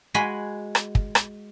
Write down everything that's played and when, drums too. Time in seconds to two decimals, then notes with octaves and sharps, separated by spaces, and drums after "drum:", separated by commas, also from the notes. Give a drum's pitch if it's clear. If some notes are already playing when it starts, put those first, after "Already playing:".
0.14 G#3 F#4 G#5 B5
0.75 drum: rim click
0.95 drum: kick
1.15 drum: rim click